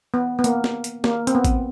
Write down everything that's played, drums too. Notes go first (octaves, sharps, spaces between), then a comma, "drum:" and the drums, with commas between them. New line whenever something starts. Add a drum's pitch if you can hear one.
B3
B3
A#3, drum: hi-hat
drum: snare
drum: hi-hat
A#3, drum: snare
C4, drum: hi-hat
B3
drum: kick, hi-hat